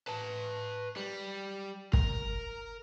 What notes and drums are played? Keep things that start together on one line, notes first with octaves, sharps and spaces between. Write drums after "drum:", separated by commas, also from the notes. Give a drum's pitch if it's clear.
B4 A5
G3
A#4, drum: kick